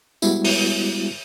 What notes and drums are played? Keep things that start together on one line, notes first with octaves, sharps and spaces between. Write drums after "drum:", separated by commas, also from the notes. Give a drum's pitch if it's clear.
G3 G#3 B3 E4 F#4, drum: tambourine
drum: open hi-hat